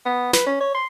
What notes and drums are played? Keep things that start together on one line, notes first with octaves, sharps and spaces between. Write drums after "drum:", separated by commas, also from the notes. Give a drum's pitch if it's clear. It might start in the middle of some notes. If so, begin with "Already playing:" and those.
B3
B4, drum: snare
C#4
C#5
C6